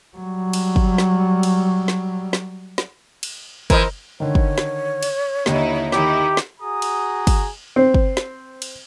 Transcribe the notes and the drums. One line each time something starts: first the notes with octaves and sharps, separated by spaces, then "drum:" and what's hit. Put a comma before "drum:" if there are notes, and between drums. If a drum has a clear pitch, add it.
F#3 G3
drum: cymbal
drum: kick
drum: snare
drum: cymbal
drum: snare
drum: snare
drum: snare
drum: cymbal
E3 A#4 C5 D#5, drum: kick, cymbal
D3 D#3 C#5
drum: kick
drum: snare
drum: cymbal
D#2 D3 D#4 E4, drum: snare
D#3 D#4 E4 G4, drum: snare
drum: snare
F#4 G#4 A#5 D#6
drum: cymbal
drum: kick, cymbal
C4
drum: kick
drum: snare
drum: cymbal